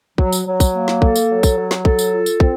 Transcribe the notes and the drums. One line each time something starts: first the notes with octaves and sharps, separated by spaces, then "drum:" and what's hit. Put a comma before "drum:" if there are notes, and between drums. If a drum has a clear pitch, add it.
F#3, drum: kick
drum: tambourine
F#3
drum: kick, tambourine
A#3
drum: snare
A4, drum: kick
drum: tambourine
F#3
drum: kick, tambourine
F#3
drum: snare
A4, drum: kick
drum: tambourine
F4
drum: tambourine
C4, drum: kick